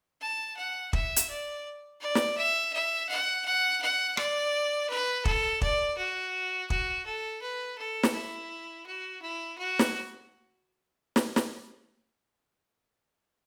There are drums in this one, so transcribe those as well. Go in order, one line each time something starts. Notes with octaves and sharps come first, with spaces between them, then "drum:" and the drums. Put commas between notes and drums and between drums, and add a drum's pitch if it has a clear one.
A5
F#5
E5, drum: kick
drum: hi-hat
D5
D5
drum: snare
E5
E5
F#5
F#5
F#5
D5, drum: rim click
B4
A4, drum: kick
D5, drum: kick
F#4
F#4, drum: kick
A4
B4
A4
drum: snare
E4
F#4
E4
F#4
drum: snare
drum: snare
drum: snare